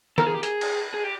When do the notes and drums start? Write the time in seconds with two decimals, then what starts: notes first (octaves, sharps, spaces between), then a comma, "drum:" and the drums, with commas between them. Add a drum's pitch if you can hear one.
0.18 A4 A#4, drum: snare
0.26 G#4
0.34 G4
0.43 G#4, drum: hi-hat
0.61 drum: cymbal
0.94 G#4
1.04 G4